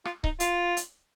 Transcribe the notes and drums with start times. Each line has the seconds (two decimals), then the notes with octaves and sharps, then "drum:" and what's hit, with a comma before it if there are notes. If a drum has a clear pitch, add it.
0.05 F4, drum: rim click
0.24 D#4, drum: kick C#1
0.40 F4, drum: hi-hat
0.77 drum: hi-hat